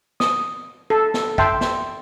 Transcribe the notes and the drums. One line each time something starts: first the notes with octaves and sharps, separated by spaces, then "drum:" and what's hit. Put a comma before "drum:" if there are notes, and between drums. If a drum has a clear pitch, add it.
D#6, drum: snare
A4
drum: snare
E5 G5 A5 C6, drum: kick
drum: snare